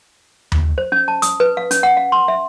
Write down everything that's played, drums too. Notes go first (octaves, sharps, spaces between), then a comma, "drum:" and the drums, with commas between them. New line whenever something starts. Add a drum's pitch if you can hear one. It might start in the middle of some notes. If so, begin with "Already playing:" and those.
drum: tom D#2
C5
C#4
A5
D#6, drum: hi-hat
B4
F5
C#4, drum: hi-hat
F#5
F5
C6
E5